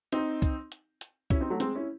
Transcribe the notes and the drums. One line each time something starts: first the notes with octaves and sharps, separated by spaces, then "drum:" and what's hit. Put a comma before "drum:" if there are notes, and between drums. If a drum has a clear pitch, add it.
C4 D#4, drum: hi-hat
drum: kick C2, hi-hat
drum: hi-hat
drum: hi-hat
C#4 E4, drum: kick C2, hi-hat
C4 D#4
F#3 A3
G#3 C4, drum: hi-hat
C#4 E4